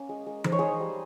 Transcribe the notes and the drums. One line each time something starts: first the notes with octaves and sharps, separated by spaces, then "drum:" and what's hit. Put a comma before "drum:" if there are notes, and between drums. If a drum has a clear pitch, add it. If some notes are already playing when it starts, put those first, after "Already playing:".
Already playing: A#3 C#4
G#3
G#3
D#4 C5, drum: tom E3
C#5
D#4 G#4 C5
G3